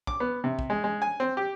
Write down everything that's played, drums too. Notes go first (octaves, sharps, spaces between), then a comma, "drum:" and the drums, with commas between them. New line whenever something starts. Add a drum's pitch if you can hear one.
D6, drum: kick
B3
C3
drum: kick
G#3
G#3
G#5
C4
G4